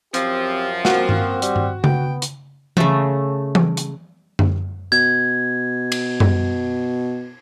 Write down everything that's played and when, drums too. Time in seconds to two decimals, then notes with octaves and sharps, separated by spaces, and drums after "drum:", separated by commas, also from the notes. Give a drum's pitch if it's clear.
0.14 F#2 F3 C4 G4, drum: hi-hat
0.85 A#3 C4 F#4, drum: snare
1.09 drum: tom G2
1.42 G3, drum: hi-hat
1.56 drum: tom G2
1.84 B3 G5, drum: tom C#3
2.22 drum: hi-hat
2.77 C#3 A3, drum: tom E3
3.55 drum: tom E3
3.77 drum: hi-hat
4.39 drum: tom F#2
4.92 B2 G#6
5.92 drum: cymbal
6.20 drum: tom F#2